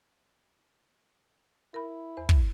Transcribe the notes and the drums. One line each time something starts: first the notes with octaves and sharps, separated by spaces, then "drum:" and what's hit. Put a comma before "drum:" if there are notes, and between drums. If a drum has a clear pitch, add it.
E4 A#4 B5
E2 C5
drum: kick